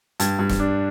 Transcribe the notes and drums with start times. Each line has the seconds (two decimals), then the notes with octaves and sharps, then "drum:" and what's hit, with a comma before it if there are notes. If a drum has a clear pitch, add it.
0.20 G2, drum: hi-hat
0.39 G2
0.49 drum: snare
0.59 D4